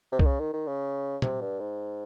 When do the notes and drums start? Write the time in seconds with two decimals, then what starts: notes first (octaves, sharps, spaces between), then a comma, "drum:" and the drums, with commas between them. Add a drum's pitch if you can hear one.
0.12 C3
0.19 D#3, drum: kick C2
0.25 C#3
0.40 D#3
0.53 D#3
0.67 C#3
1.22 C3, drum: tom A#2
1.41 G2
1.60 G#2